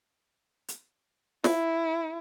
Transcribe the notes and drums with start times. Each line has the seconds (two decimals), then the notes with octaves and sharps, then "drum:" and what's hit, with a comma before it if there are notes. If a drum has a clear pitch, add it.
0.68 drum: hi-hat
1.44 E4, drum: snare